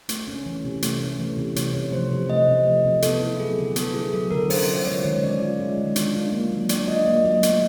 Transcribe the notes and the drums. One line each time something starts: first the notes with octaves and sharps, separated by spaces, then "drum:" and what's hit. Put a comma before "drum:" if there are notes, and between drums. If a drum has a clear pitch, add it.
A3, drum: hi-hat
C#4
E3
C3
A3, drum: hi-hat
C#4
E3
C3
A3 C#5, drum: hi-hat
C3
F3 C5
C3
A3 D#5
C3
F3
C3
B3 A4, drum: hi-hat
E4
F#3 G#4
D3
B3 A4, drum: hi-hat
E4 G#4
F#3 A4
D3 A#4
C#4 C5, drum: open hi-hat
F4
G#3 C#5
D#3
C#4 D5
F4
G#3
D#3
D4, drum: hi-hat
F4
A#3
F#3
D4 D5, drum: hi-hat
F4 D#5
A#3 D#5
F#3 D#5
A3 E5, drum: hi-hat